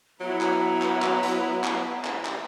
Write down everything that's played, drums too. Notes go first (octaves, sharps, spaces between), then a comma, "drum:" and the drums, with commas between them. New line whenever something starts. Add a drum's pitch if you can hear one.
F#3 B3 E4 B4 A#5
drum: clap
drum: clap
drum: clap
drum: hi-hat
drum: clap
drum: clap
drum: clap